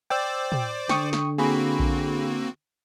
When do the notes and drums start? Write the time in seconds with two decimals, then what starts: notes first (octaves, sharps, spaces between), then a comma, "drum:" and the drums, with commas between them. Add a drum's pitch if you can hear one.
0.10 C5 D5 G5 D6 E6
0.52 drum: tom
0.89 D3 G5 C#6 D#6, drum: snare
1.13 drum: snare
1.38 A#3 C4 F#4 G#4 B5
1.79 drum: kick A#1